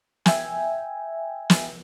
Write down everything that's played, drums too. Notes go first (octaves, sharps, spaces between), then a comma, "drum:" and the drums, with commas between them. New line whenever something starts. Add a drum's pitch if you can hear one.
E5 G5 G#5, drum: snare
drum: snare